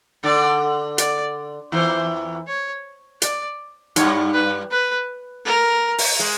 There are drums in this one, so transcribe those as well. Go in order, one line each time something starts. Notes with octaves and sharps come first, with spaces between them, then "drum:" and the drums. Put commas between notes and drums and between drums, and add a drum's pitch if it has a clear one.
D3 D5
D5, drum: hi-hat
E2 E3 C5
C#5
D5, drum: hi-hat
G2 G3 C#5, drum: hi-hat
B4
B4
A#4
drum: open hi-hat
G#3